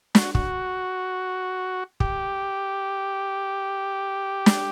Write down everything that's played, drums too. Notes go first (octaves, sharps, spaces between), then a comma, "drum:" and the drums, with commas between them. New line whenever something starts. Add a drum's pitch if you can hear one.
F#4, drum: snare
F#4, drum: kick
G4, drum: kick
drum: snare